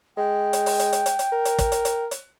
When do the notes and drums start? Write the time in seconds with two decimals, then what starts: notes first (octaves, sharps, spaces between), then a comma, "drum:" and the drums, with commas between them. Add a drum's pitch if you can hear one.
0.17 G#3 G5
0.53 drum: hi-hat
0.66 drum: open hi-hat
0.79 drum: hi-hat
0.93 drum: hi-hat
1.06 drum: hi-hat
1.19 drum: hi-hat
1.32 A#4
1.45 drum: hi-hat
1.58 drum: kick, hi-hat
1.72 drum: hi-hat
1.85 drum: hi-hat
2.11 drum: hi-hat